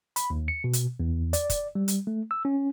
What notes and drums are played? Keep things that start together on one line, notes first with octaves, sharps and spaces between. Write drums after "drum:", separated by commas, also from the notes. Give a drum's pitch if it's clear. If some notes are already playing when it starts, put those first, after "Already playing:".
B5, drum: hi-hat
D#2
C#7
B2
drum: hi-hat
E2
D5, drum: hi-hat
drum: kick, hi-hat
G3
drum: hi-hat
A3
E6
C#4